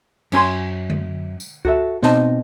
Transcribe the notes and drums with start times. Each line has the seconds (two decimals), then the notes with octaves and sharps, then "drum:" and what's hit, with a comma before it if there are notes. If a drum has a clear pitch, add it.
0.32 F#2 C#4 G#5 C6, drum: cymbal
0.90 drum: tom D3
1.40 drum: tambourine
1.65 F#4 A4 E5, drum: kick C#2
2.02 B2 C4 D#4 D#5 A5, drum: snare